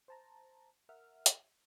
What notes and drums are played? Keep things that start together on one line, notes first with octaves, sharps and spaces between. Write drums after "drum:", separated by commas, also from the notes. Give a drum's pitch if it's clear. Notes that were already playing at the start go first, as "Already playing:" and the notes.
C5 A5 A#5
A#4 E5 F#5 F6
drum: hi-hat